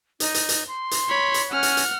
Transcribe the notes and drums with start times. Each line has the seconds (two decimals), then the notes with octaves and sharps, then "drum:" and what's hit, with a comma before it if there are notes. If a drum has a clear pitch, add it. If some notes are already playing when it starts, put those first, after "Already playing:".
0.20 D#4, drum: hi-hat
0.34 drum: hi-hat
0.49 drum: hi-hat
0.67 C6
0.91 drum: hi-hat
1.09 C#5 B5
1.34 drum: hi-hat
1.52 C#4 F#5 F6
1.63 drum: hi-hat
1.77 drum: hi-hat